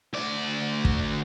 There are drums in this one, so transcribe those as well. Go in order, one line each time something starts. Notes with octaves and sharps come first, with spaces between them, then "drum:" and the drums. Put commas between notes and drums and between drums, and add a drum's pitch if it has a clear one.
D2 D5
drum: kick